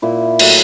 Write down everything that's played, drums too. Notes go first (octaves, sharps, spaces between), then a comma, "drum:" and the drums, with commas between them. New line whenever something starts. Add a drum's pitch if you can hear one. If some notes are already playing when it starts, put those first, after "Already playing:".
A#2 E4
F#3 A3, drum: cymbal